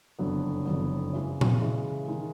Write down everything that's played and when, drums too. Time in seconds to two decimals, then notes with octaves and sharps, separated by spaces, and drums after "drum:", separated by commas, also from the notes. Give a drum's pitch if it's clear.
0.19 F#1 F2 D3 F#3 B3
0.66 F#1 F2 D3 F#3 B3
1.14 C#3 E3 G#3
1.41 drum: tom A#2
1.61 C#3 E3 G#3
2.08 D#3 G#3